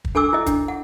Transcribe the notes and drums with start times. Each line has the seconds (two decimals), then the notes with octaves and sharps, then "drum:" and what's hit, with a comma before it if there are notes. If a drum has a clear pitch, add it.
0.05 drum: kick
0.15 D4 A4 G#5 D6 E6
0.33 E4 D#5
0.46 D4, drum: kick, hi-hat
0.68 F#5